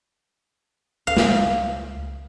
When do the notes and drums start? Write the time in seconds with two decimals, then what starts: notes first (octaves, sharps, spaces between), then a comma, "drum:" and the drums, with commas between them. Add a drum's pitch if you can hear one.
1.07 C#2 F5
1.17 drum: snare